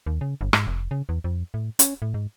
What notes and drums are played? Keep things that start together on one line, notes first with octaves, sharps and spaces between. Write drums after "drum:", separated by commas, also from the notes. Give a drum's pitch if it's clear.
D#2
C#3
G1
G#2, drum: rim click
F1
C#3
E2
F2
A2
C#4, drum: hi-hat
A2
G#2